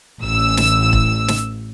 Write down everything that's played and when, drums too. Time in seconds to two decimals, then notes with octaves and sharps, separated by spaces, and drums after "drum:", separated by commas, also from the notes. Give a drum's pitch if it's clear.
0.22 A1 E6
0.57 drum: snare
0.93 drum: kick E1
1.28 drum: snare